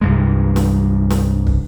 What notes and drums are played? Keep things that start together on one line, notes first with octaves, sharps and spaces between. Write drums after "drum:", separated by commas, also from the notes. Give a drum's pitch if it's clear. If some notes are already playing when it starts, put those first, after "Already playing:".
C2 G2 G#3
drum: snare
drum: snare
drum: kick